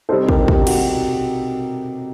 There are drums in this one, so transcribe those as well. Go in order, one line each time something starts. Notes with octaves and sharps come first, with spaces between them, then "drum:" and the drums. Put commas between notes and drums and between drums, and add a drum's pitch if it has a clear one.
C3 G3 C4 D#4 A4 C5
G4 A#4, drum: kick
G4, drum: kick
F#4, drum: cymbal
F#4